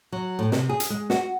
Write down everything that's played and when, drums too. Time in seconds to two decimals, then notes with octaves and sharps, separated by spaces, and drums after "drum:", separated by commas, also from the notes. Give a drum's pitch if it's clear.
0.12 F#3
0.39 A2
0.52 C3, drum: snare
0.69 G#4
0.80 drum: hi-hat
0.90 G#3
1.10 F#4, drum: snare